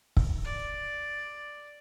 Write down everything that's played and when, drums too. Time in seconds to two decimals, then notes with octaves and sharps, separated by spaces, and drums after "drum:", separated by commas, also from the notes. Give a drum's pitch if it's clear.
0.17 drum: kick
0.45 D5